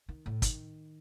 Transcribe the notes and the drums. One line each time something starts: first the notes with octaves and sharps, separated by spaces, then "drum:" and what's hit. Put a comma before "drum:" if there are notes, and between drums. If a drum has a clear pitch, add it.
D#3
A2
D#3, drum: kick, hi-hat